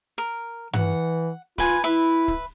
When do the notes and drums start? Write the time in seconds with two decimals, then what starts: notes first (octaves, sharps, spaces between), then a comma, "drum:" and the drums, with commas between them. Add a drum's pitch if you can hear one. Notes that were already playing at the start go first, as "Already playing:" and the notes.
0.18 A#4
0.73 E3 F#5, drum: tom G2
1.58 F4 B4 G#5, drum: kick C#1
1.84 E4 B4 E5
2.28 drum: kick C#1